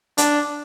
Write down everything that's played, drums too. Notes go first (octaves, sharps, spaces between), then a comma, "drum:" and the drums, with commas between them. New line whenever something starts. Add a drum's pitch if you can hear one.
D4, drum: hi-hat